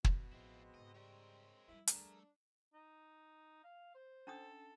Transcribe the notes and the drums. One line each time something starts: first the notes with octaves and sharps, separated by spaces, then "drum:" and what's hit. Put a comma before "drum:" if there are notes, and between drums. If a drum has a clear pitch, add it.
B2, drum: kick
A1 F3 G#3 C4 E4 F4
G#2 C#3 D#5
G3 A#4 C#5
F3 G3 E4
A3 D4 G#4 A#4, drum: hi-hat
D#4
F5
C5
C#4 D4 A4 D#6